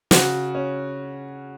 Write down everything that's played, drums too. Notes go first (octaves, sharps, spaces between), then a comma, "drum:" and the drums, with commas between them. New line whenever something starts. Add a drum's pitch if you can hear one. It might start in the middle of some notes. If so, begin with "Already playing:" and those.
C#3 F#4, drum: snare
C#4